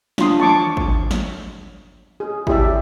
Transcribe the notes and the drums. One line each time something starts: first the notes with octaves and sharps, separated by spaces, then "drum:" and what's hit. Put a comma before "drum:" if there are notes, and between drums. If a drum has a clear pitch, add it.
D4 F4 C6 D#6, drum: snare
A5 C#6 D6, drum: tom
drum: kick G#1
drum: snare
G#4
E4 G4 D5 E5, drum: kick G#1